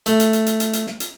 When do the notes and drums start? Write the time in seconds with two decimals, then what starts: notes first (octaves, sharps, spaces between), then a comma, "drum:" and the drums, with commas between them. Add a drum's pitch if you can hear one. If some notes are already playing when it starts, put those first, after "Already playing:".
0.06 A3, drum: hi-hat
0.20 drum: hi-hat
0.33 drum: hi-hat
0.46 drum: hi-hat
0.60 drum: hi-hat
0.73 drum: hi-hat
0.87 drum: snare
1.00 drum: hi-hat